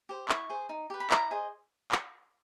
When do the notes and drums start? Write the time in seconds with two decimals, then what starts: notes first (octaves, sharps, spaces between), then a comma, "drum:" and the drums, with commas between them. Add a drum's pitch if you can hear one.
0.09 G4 C5
0.29 E4 C#6, drum: clap
0.50 G#4 C5
0.69 D#4
0.90 G4 B4
1.00 B5
1.10 E4 A#5, drum: clap
1.31 G#4 C5 D#5
1.92 drum: clap